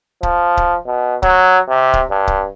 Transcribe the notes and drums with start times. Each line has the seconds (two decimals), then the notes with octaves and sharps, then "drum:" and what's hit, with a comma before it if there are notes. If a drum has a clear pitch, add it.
0.23 F3, drum: kick C#1
0.57 drum: kick C#1
0.86 B2
1.22 F#3, drum: kick C#1
1.68 C3
1.93 drum: kick C#1
2.10 G2
2.27 drum: kick C#1